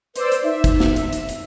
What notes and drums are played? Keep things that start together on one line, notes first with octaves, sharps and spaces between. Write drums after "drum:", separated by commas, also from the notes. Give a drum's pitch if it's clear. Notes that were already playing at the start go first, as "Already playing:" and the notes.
B4 C5 D5 E6, drum: hi-hat
drum: hi-hat
D#4 E5
drum: kick, hi-hat
drum: snare
drum: hi-hat
drum: hi-hat
drum: hi-hat